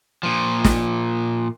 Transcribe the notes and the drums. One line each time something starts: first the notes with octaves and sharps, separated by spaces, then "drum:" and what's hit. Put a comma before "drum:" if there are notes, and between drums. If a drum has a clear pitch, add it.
A#2 F3
drum: snare